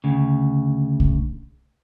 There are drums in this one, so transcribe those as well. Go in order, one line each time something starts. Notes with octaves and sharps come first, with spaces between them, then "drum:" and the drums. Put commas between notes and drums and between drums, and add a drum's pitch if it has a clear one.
D2 C#3
drum: kick